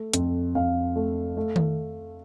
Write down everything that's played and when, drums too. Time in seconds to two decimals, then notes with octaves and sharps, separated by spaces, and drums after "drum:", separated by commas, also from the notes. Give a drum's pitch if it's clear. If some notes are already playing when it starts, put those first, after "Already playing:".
Already playing: A3
0.14 F2, drum: hi-hat
0.55 F2 F5
0.96 A3
1.37 A3
1.56 drum: tom D#3